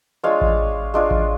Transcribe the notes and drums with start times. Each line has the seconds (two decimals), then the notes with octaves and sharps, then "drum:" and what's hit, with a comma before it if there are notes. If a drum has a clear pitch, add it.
0.24 G#3 D4 F4 C#5 F5
0.41 drum: kick A1
0.94 G#3 D4 F4
1.11 drum: kick A1